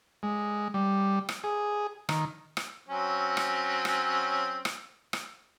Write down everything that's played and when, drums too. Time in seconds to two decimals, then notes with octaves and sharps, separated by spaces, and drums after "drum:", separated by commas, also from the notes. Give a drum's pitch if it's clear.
0.23 G#3
0.74 G3
1.29 drum: rim click
1.44 G#4
2.09 D#3, drum: rim click
2.57 drum: rim click
2.89 F#3 C4 C#4
3.37 drum: rim click
3.85 drum: rim click
4.65 drum: rim click
5.13 drum: rim click